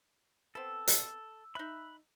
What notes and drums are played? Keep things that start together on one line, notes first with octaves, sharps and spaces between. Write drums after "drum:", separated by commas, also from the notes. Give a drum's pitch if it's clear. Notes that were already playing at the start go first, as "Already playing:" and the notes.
B3 C4 A4 E6
drum: hi-hat
D#4 E5 B5 F#6